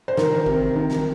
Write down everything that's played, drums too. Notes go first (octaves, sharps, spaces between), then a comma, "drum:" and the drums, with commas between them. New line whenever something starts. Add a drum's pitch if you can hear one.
C5
D#3 A#4, drum: snare
C3, drum: kick G#1
D#3 A#4
drum: snare